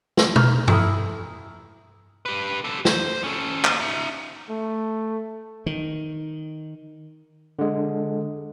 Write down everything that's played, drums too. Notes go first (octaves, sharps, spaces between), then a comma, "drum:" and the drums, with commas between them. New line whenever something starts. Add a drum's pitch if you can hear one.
F#7, drum: snare
A#5 F6, drum: tom B2
E4 A4 A#5 D#6, drum: tom G2
G4 B4
G4 A4
C5, drum: snare
C#4 A4
A#3 D#5, drum: clap
D#4 E5
A3
D#3
D3 G#3